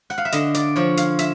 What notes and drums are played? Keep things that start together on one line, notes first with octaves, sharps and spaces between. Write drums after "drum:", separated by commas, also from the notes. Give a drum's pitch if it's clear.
F#5
F5
E5
D3 D#5, drum: hi-hat
D5, drum: hi-hat
F3 C#5
F5, drum: hi-hat
E5, drum: hi-hat